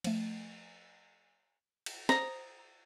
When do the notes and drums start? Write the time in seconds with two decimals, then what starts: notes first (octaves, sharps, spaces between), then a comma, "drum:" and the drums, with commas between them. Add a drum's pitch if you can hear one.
0.04 F3 A3, drum: cymbal
1.86 drum: cymbal
2.09 C5 A#5 D#6, drum: snare